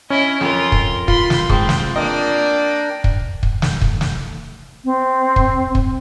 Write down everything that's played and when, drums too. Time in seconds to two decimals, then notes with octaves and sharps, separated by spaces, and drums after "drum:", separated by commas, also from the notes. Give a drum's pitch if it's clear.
0.10 C#4 E4 D#5
0.41 F2 F4 A#4
0.72 drum: kick
1.08 F4 B5 C6, drum: kick
1.30 drum: snare
1.49 G#2 C4, drum: kick
1.69 drum: snare
1.96 A#3 D4 A#4 D5 D#5 G5
3.04 drum: kick
3.43 drum: kick
3.62 drum: snare
3.81 drum: kick
4.01 drum: snare
4.85 C4
5.36 drum: kick
5.75 drum: kick